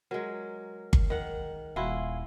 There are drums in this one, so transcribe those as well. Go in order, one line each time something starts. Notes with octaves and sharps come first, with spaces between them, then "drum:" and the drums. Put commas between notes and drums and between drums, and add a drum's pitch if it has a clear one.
F#3 G#3 A#4
drum: kick G1
D#3 F#5
D#1 E4 F#4 F5 G#5 C6